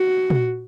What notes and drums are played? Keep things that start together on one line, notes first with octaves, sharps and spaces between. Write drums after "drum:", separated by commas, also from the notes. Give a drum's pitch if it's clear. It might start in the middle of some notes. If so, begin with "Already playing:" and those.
Already playing: F#4
drum: tom A#2